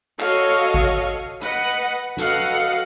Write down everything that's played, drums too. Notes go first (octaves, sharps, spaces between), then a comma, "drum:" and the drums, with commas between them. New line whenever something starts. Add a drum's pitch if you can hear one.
F#4 A4 C#5 D#5 F5, drum: clap
drum: kick G#1
B4 D#5 F#5, drum: rim click
F#4 A4 B4 D#5 F5 F#5, drum: snare
drum: open hi-hat